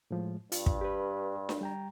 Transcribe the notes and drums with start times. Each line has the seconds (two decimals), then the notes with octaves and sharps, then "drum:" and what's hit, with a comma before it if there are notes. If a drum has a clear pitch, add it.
0.11 A2 F3 G#3
0.52 G2 F4, drum: hi-hat
0.66 drum: kick
0.81 G4 B4
1.49 drum: snare D4
1.61 G3 G5 A#5